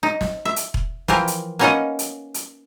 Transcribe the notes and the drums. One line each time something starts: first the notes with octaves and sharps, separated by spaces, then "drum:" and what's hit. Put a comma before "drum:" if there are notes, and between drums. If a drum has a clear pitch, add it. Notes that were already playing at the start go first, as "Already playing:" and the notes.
D#4
drum: snare
E5
drum: hi-hat
drum: kick E1
E3 F3 G4 A#4, drum: snare
drum: hi-hat
A#3 B3 C#4 D#4 D#5 F#5
drum: hi-hat
drum: hi-hat